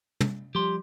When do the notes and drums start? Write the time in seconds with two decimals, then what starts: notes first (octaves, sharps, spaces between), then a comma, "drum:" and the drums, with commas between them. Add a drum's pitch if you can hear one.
0.21 drum: tom
0.55 F3 G3 G4 C6